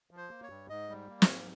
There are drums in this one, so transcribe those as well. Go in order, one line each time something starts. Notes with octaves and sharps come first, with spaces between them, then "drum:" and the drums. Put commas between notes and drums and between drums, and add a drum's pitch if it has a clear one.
F3
C5
A#3
C#5
G2
G#2 D#5
G3
A#3
C#5, drum: snare
G#2